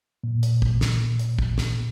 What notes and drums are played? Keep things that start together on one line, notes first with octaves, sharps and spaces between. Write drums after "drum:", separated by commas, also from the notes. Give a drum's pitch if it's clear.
A#2
drum: hi-hat
drum: kick
drum: snare
drum: hi-hat
drum: kick
drum: snare